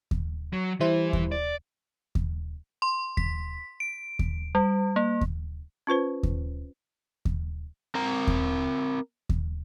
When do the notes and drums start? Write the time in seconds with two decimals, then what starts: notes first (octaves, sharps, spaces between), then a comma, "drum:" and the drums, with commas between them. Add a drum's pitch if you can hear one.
0.11 drum: kick D#2
0.53 F#3
0.80 E3 G3 E4 C5
1.13 drum: kick D#2
1.32 D5
2.15 drum: kick D#2
2.82 C6
3.17 B6, drum: kick D#2
3.80 D7
4.19 drum: kick D#2
4.55 G3
4.96 A#3
5.21 drum: kick D#2
5.87 C#4 F4 B4 C5
6.23 drum: kick D#2
7.25 drum: kick D#2
7.95 C4 A#4 A#5
8.27 drum: kick D#2
9.29 drum: kick D#2